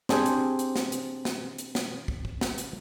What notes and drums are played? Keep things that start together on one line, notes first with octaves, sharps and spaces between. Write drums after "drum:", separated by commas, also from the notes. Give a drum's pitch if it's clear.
C4 D4 G4 G#4 C5, drum: snare
drum: hi-hat
drum: hi-hat
drum: snare
drum: hi-hat
drum: snare
drum: hi-hat
drum: snare
drum: kick
drum: kick
drum: snare
drum: hi-hat